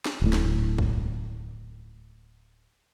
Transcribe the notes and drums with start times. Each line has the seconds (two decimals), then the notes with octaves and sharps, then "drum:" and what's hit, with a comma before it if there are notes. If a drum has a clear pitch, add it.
0.06 drum: snare
0.22 D1 A2
0.33 drum: snare
0.78 drum: kick